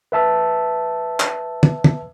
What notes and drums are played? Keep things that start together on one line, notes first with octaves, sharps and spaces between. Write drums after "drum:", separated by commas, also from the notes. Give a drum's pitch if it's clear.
B4 E5 A5 E6
drum: clap
drum: tom
drum: tom